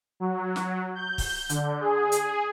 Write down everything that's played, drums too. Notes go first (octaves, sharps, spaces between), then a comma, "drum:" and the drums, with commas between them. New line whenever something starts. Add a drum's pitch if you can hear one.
F#3
drum: snare
G6
drum: kick, open hi-hat
D3, drum: hi-hat
G#4
drum: hi-hat